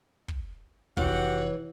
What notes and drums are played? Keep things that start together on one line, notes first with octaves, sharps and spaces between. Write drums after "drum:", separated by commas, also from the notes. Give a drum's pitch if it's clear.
drum: kick
F1 E3 F#4 G4 C#5 F#5, drum: kick